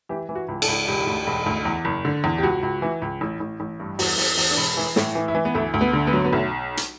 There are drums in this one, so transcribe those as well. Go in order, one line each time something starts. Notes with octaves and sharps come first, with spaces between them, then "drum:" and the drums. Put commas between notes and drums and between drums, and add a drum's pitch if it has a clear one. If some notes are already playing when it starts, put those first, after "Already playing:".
E3 G4
E3
F#4
C#2
A4, drum: cymbal
C#2
E1 G4
D2
E1
D2
E2
F#1
D3
E2
G4
C#2 F#4
C#2
E3
C#2
A1
A1
A1
G2
E2 F#4, drum: open hi-hat
E2, drum: open hi-hat
E2, drum: open hi-hat
D4
E1
E3 E4
A2, drum: snare
E3
E4
E3
B3
D2 A3
D2
B3
D3
B3
F#3
B3
B1 A3
drum: hi-hat